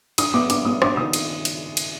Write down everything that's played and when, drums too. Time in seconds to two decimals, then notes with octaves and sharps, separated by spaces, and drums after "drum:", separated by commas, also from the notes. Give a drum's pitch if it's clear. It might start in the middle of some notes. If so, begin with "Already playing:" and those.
0.18 D4 D#6, drum: cymbal
0.34 B3 D6
0.50 D4 D6, drum: cymbal
0.65 B3 D#6
0.82 D4 D6, drum: rim click
0.97 D#3 D#6
1.13 drum: cymbal
1.45 drum: cymbal
1.77 drum: cymbal